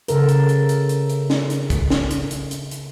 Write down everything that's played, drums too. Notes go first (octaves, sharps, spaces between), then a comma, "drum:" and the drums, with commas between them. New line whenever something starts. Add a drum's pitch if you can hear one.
C#3 A4 A#4, drum: hi-hat
drum: hi-hat
drum: hi-hat
drum: hi-hat
drum: hi-hat
drum: hi-hat
drum: snare
drum: hi-hat
drum: kick, hi-hat
drum: snare
drum: hi-hat
drum: hi-hat
drum: hi-hat
drum: hi-hat